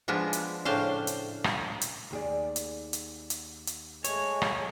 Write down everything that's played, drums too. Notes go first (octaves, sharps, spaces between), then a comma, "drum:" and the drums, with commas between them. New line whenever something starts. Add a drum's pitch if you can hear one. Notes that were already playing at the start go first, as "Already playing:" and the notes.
F3 G#3 B3 D4
drum: hi-hat
A2 C#3 D4 C5 F5
drum: hi-hat
drum: rim click
drum: hi-hat
D#2 G#4 D5
drum: hi-hat
drum: hi-hat
drum: hi-hat
drum: hi-hat
G#3 A3 C#5, drum: hi-hat
drum: rim click